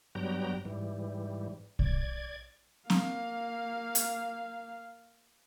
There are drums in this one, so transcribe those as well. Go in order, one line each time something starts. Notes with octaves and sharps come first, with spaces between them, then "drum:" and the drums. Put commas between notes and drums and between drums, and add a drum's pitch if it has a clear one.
G2 F#3 G3 B3 G5 A#5
G#2 E3 G3
D5 G#6, drum: kick
A#3 F5, drum: snare C4
drum: hi-hat